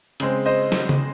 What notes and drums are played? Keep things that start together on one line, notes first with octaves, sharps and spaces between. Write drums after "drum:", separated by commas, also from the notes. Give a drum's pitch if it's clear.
C#3 G#3 C4, drum: hi-hat
C5 D#5
drum: snare
drum: tom C#3